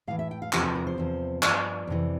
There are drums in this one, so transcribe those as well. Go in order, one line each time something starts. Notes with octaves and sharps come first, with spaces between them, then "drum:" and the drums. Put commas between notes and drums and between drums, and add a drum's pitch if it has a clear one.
A2 E3 F5
E5
G5
F5
E2 C3 F3 G4, drum: clap
A4
A#4
C5
E2 C3 F3
G2 F3 D5, drum: clap
F2 C3 E3